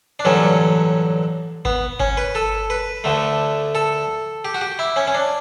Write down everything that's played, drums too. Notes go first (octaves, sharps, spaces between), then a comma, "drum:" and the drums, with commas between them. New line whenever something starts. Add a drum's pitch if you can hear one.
D4
A1 G2 D3 F#3 C#4
B3, drum: kick G#1
C#4, drum: kick G#1
B4
A4
B4
D2 D3 A3
A4
G4
F#4
G4
E4
C#4
C#4
D4